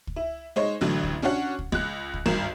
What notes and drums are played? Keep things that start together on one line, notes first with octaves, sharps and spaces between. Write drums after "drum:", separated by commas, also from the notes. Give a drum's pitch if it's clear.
drum: kick
E4
G#3 D#4 C5 C#5
A1 D3 F#3
drum: kick
C#4 D4 F#4 C#5 F#5
drum: kick
C#2 F#6, drum: kick
drum: kick
G#1 G2 A#4 E7, drum: kick